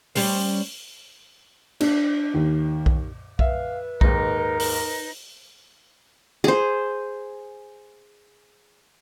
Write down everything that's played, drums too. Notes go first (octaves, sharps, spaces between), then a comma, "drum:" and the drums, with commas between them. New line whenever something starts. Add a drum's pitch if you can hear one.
G3 C#4 C5, drum: open hi-hat
D4, drum: cymbal
D#2
drum: kick B1
B4 E5 F5, drum: kick B1
D#2 G#2 D#4 A#4, drum: kick B1
drum: open hi-hat
G#4 C5